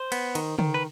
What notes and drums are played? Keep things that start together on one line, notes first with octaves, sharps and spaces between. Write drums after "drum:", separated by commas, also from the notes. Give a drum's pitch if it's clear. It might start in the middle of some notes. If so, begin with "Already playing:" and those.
Already playing: C5
B3, drum: cymbal
D#3, drum: cymbal
D#3, drum: tom
B4